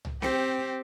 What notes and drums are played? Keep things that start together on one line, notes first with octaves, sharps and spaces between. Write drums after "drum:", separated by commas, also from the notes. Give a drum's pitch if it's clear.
drum: tom C2
C4 G4, drum: snare C4